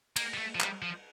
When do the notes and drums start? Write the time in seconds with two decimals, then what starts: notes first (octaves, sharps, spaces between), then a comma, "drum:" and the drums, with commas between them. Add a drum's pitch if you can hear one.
0.16 A#3, drum: cymbal
0.34 G3
0.38 A3
0.55 F3
0.60 G3, drum: clap
0.82 F3